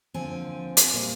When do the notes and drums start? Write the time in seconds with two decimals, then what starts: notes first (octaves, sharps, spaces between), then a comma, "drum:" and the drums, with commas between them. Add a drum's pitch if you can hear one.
0.14 D#2 D3 F3 C4 G#5
0.77 drum: hi-hat
0.93 A#2 G3 A#3